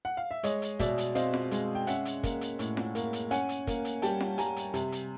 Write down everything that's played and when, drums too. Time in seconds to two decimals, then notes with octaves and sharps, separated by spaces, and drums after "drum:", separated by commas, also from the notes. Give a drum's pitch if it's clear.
0.05 F#5
0.17 F5
0.31 E5
0.43 G#3 C#5 D#5, drum: hi-hat
0.62 drum: hi-hat
0.79 B2 D5 E5, drum: kick, hi-hat
0.98 drum: hi-hat
1.15 C4 D#5 F5, drum: hi-hat
1.34 drum: snare F4
1.51 G#3, drum: hi-hat
1.75 G5
1.87 C#4 E5 F#5, drum: hi-hat
2.05 drum: hi-hat
2.24 A#3, drum: kick, hi-hat
2.41 drum: hi-hat
2.59 A2, drum: hi-hat
2.77 drum: snare F4
2.95 A#3, drum: hi-hat
3.13 drum: hi-hat
3.31 C#4 F#5 G#5, drum: hi-hat
3.49 drum: hi-hat
3.67 A#3, drum: kick, hi-hat
3.85 drum: hi-hat
4.02 G3 G5 A5, drum: hi-hat
4.21 drum: snare F4
4.38 G3 G#5 A#5, drum: hi-hat
4.56 drum: hi-hat
4.74 C3, drum: hi-hat
4.92 drum: hi-hat